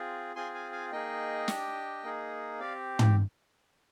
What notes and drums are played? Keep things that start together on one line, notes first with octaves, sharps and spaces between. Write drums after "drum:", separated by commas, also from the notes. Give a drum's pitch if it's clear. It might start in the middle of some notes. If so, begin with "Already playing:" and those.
Already playing: C4 F4 G#4
C4 F4 G#4 G#5 C6
F5 G#5
F5 G#5
A#3 D#4 G#4 D#5 G5
D4 G4, drum: snare
A#3 D#4 G#4
C4 G4 D5 F5
drum: tom